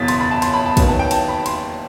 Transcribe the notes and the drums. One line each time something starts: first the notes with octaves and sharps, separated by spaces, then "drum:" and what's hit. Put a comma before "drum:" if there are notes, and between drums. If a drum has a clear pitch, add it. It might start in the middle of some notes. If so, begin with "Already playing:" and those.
Already playing: F#1 E2 B2 A6 B6
C6, drum: cymbal
B5
A5
C6, drum: cymbal
B5
A5
D#2 D#3 F#3 B3, drum: kick, cymbal
A5
G5
A5, drum: cymbal
B5
C6, drum: cymbal